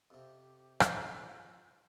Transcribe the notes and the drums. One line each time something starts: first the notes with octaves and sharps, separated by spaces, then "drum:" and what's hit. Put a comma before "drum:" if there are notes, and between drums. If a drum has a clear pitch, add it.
F2 C3 G4
drum: rim click
F4